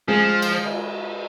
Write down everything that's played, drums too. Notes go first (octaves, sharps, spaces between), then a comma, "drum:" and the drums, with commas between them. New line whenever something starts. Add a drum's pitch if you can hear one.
F3 G#3 G#4
drum: cymbal
drum: cymbal